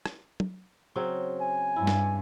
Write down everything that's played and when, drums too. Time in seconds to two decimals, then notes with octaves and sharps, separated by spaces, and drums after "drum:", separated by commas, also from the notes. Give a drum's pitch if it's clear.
0.06 drum: rim click
0.40 drum: tom
0.96 C#3 F#3 C4
1.41 G#5
1.76 G2 E4
1.87 drum: snare